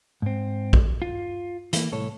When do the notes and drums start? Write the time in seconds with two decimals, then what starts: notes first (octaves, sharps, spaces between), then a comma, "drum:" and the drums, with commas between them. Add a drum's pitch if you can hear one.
0.22 G#2 C4
0.73 drum: kick A#1
1.02 F4
1.73 E3 A#3, drum: hi-hat
1.92 C2 A2 A4 C#5